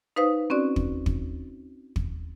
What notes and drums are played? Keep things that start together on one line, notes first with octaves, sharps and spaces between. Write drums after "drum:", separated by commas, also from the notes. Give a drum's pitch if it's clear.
D#4 B4 C5 F5 D#6
C4 C#4 F#4 D5
drum: kick
drum: kick
drum: kick